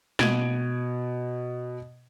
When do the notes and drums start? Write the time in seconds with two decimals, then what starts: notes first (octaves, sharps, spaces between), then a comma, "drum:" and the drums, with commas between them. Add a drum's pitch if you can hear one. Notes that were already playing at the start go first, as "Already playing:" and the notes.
0.19 B2 G#6 D7 D#7, drum: snare